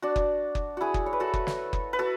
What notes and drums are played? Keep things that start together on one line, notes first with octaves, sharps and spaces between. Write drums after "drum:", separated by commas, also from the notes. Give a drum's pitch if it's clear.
D4 F#4
drum: kick F#1
drum: kick F#1
E4 F#4 G#4
drum: kick F#1
C#5
B4
F#4 A4
drum: kick F#1
drum: snare
drum: kick F#1
B4
F#4 A4